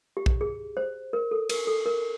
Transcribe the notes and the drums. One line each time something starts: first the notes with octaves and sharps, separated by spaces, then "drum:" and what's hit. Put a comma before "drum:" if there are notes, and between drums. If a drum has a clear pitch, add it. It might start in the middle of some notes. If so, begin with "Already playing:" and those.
G4
drum: kick A#1
G#4
C5
A#4
A4
A#4, drum: cymbal
A4
A#4